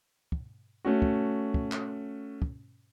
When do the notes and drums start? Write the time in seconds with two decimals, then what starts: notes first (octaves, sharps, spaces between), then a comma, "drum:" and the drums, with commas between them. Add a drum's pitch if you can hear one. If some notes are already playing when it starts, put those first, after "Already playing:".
0.32 drum: kick
0.85 A3 C#4 F#4
1.02 drum: kick
1.54 drum: kick
1.72 drum: clap
2.42 drum: kick